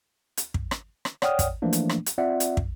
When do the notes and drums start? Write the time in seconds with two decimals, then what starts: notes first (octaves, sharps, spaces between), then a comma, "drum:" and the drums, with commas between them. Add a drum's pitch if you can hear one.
0.37 drum: hi-hat
0.54 drum: kick
0.71 drum: rim click
1.05 drum: rim click
1.22 C#5 D5 F#5 G5 D#6 F6, drum: rim click
1.39 drum: kick, hi-hat
1.62 E3 F3 A3 A#3 D4
1.73 drum: hi-hat
1.89 drum: rim click
2.06 drum: hi-hat
2.18 C4 F4 D5 E5 F#5
2.40 drum: hi-hat
2.57 drum: kick